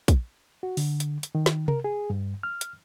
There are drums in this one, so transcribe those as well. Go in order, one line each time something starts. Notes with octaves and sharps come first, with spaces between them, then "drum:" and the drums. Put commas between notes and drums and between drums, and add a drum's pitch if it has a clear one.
drum: kick, hi-hat
F#4
D3, drum: open hi-hat
drum: hi-hat
drum: hi-hat
D#3
drum: snare
A#4, drum: tom C3
G#4
G2
F6
drum: hi-hat